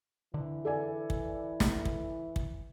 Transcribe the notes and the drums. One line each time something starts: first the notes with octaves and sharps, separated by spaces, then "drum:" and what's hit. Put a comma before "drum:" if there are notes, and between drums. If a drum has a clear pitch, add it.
D3 E3
A4 D5 G#5
drum: kick
drum: snare
drum: kick
drum: kick